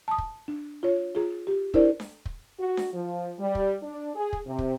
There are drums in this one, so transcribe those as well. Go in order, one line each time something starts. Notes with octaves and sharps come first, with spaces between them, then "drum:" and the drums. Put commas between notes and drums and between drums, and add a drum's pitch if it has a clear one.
A5 D#6
drum: kick
D4
F4 C#5
F4 G#4
G4
D4 E4 A#4 C5 D5, drum: kick
drum: snare D4
drum: kick
F#4
drum: snare D4
F3
G3
drum: kick
D4
G#4
drum: kick
C3
drum: kick